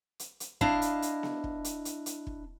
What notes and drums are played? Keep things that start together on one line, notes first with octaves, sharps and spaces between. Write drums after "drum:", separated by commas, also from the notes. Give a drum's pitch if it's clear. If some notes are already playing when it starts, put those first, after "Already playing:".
drum: hi-hat
drum: hi-hat
D4 E4 D#5 F5, drum: kick
drum: hi-hat
drum: hi-hat
drum: snare B3
drum: kick
drum: hi-hat
drum: hi-hat
drum: hi-hat
drum: kick